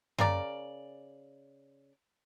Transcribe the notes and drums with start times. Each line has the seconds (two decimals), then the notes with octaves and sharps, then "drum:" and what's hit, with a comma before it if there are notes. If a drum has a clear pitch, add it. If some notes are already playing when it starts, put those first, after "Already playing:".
0.18 C#3 A#4 D5, drum: tom F#2